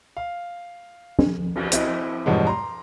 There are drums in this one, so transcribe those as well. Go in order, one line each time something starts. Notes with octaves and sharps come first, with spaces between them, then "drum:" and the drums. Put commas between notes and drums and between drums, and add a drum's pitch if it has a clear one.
F5
drum: tom
drum: cymbal
C4 E4 D#5, drum: hi-hat
E2 G2 B2 F3 F#3 G#3
A#5 C6